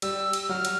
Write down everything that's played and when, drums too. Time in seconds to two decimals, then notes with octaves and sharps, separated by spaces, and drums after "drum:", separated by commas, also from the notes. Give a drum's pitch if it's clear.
0.02 G3 G4 E6, drum: cymbal
0.33 drum: cymbal
0.49 F#3 F#4 F6
0.65 drum: cymbal